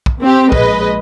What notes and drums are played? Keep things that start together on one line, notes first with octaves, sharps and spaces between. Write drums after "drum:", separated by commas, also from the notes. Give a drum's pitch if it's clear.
drum: kick
C4 G4
A#1 G#3 B4 D#5, drum: kick